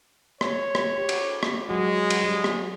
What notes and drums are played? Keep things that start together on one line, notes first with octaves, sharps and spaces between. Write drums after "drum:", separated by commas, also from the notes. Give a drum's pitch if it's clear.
C#5, drum: rim click
drum: rim click
G4
drum: cymbal
drum: rim click
F#3 G#3 F#4
drum: cymbal
G3
drum: rim click